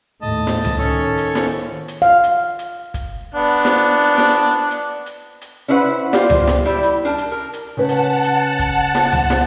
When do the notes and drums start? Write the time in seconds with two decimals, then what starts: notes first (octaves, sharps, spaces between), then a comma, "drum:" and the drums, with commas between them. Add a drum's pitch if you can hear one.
0.22 D#2 A2 D#5 A5
0.47 drum: snare
0.65 drum: tom C#2
0.78 D#3 C#4 A4 C#5
1.18 drum: hi-hat
1.35 drum: snare
1.88 drum: hi-hat
2.02 F5
2.24 drum: hi-hat
2.59 drum: hi-hat
2.94 drum: kick, hi-hat
3.34 B3 D4
3.65 drum: snare
4.00 drum: hi-hat
4.18 drum: snare
4.35 drum: hi-hat
4.71 drum: hi-hat
5.06 drum: hi-hat
5.41 drum: hi-hat
5.68 C#4 D4 E4 B4 C5 F#5
6.13 F4 G4 C5 D5, drum: snare
6.30 drum: tom C#2
6.47 drum: snare
6.65 G3 E4 G4
6.83 drum: hi-hat
7.05 D4 A#4 A5
7.18 drum: hi-hat
7.32 A#4
7.53 drum: hi-hat
7.77 C#3 B4 C#5 F#5 A5
7.89 drum: hi-hat
8.24 drum: hi-hat
8.59 drum: kick, hi-hat
8.95 drum: snare
9.12 drum: tom C#2
9.30 drum: snare